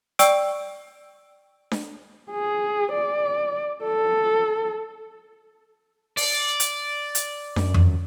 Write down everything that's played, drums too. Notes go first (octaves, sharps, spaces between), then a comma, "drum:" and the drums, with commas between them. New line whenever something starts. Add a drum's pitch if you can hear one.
D5 G5 C#6 E6 D7, drum: hi-hat
drum: snare D4
G#4
D5
A4
D5, drum: open hi-hat
drum: hi-hat
drum: hi-hat
F#2, drum: snare D4
drum: tom F2